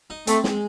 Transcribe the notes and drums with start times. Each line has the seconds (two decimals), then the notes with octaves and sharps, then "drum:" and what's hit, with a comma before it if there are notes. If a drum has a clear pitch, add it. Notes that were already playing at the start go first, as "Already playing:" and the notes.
0.10 D#4
0.27 A3 C4, drum: hi-hat
0.44 G#3, drum: snare